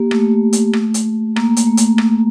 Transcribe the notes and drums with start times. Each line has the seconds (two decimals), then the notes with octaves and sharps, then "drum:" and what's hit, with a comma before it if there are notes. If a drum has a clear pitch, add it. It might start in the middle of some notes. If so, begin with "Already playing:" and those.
Already playing: A#3 G4
0.11 A3, drum: rim click
0.53 drum: hi-hat
0.73 drum: rim click
0.94 drum: hi-hat
1.36 A#3, drum: rim click
1.57 drum: hi-hat
1.67 A3
1.77 drum: hi-hat
1.98 drum: rim click